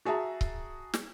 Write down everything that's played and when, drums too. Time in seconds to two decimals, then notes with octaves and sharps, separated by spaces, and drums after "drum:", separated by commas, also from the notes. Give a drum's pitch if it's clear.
0.05 F#4 G#4 E5 A5 A#5
0.41 drum: kick C#1
0.94 drum: snare